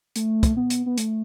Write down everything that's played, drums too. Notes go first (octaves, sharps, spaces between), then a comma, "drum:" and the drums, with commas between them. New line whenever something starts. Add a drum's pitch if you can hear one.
A3, drum: hi-hat
drum: kick, hi-hat
B3
drum: hi-hat
B3
A3, drum: hi-hat